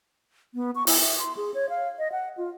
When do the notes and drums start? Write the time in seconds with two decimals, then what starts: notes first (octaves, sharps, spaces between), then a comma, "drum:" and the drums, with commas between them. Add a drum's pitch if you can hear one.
0.54 B3
0.75 C#6
0.87 E4, drum: open hi-hat
1.00 E5
1.18 C6
1.37 G#4
1.54 C#5
1.69 F5
1.99 D#5
2.12 F#5
2.37 F4